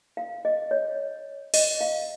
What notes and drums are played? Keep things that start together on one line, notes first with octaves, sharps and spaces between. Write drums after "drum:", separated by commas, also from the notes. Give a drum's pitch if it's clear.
F5
D#5
C#5
D#5, drum: open hi-hat
F5